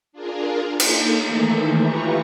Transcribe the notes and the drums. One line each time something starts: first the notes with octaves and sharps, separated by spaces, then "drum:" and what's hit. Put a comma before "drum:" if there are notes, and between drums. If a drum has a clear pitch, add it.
D4 F4 G#4 A#4
A#3 D#4 A4, drum: cymbal
D#3 E3 A3 A#3 D#4 E4
E4 F4 G4 B4 A#5 C#6